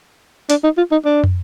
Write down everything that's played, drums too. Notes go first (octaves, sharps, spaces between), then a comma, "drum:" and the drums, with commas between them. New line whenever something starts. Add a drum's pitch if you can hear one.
D4, drum: hi-hat
D#4
F4
D#4
D4
drum: tom